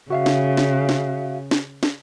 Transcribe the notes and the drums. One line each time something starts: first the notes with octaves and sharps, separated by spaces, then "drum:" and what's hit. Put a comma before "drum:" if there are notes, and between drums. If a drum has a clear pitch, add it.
C#3 F#4 E5 F5
drum: snare
drum: snare
drum: snare
drum: snare
drum: snare